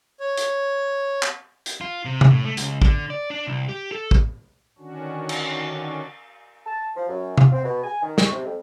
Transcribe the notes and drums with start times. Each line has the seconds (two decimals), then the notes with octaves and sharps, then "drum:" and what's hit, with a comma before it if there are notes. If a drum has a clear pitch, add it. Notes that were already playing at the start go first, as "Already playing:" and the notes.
0.20 C#5
0.37 drum: hi-hat
1.23 drum: clap
1.66 drum: hi-hat
1.81 F4
2.05 C3
2.21 drum: tom C3
2.31 A2
2.45 A3
2.57 C#2, drum: hi-hat
2.82 D3, drum: kick
3.10 D5
3.30 D4
3.47 C2
3.69 G4
3.92 A4
4.11 drum: kick
4.78 D3 D#3 C#4 D4 F#4
5.29 drum: cymbal
6.66 A5
6.96 F3
7.09 F#2
7.38 F4, drum: tom C3
7.52 C4
7.64 B2
7.84 G#5
8.03 D#3
8.18 C#6, drum: snare
8.31 C3
8.45 F2